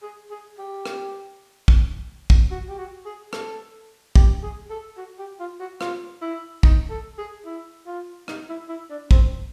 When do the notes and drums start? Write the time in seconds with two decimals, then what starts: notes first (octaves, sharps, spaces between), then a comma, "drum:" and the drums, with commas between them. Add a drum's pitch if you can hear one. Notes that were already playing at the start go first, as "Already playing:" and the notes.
0.02 G#4
0.31 G#4
0.58 G4
0.86 drum: rim click
1.68 drum: kick
2.30 drum: kick
2.51 F#4
2.69 G4
2.78 F#4
3.05 G#4
3.33 A4, drum: rim click
4.15 G4, drum: kick
4.43 G#4
4.70 A4
4.97 F#4
5.19 G4
5.40 F4
5.60 F#4
5.81 F4, drum: rim click
6.22 E4
6.63 D#4, drum: kick
6.90 A4
7.18 G#4
7.46 E4
7.87 F4
8.28 D#4, drum: rim click
8.49 E4
8.69 E4
8.90 D4
9.11 C4, drum: kick